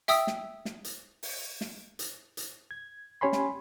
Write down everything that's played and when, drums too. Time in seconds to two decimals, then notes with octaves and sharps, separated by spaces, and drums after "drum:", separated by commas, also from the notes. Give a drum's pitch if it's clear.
0.08 E5 G5 D#6 E6 B6, drum: hi-hat
0.27 drum: snare
0.65 drum: snare
0.84 drum: hi-hat
1.23 drum: open hi-hat
1.61 drum: snare
1.99 drum: hi-hat
2.37 drum: hi-hat
2.71 G#6
3.21 C#4 G4 C#5 G#5 B5 C6
3.32 drum: snare